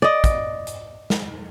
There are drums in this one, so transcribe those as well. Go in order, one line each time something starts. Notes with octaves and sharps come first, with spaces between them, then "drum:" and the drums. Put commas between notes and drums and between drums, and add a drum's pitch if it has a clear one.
D5 D#5
drum: kick, hi-hat
drum: hi-hat
drum: snare